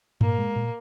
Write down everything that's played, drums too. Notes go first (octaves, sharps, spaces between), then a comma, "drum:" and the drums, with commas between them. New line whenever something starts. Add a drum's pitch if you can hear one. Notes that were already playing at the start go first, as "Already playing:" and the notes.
A#2 A#3, drum: tom G2
G#3
A#2